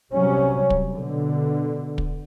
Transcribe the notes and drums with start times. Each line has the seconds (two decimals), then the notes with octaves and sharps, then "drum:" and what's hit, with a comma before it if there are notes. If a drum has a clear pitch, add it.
0.13 C3 F#3 G3 C#4
0.70 drum: kick
0.92 B2 D3
1.98 drum: kick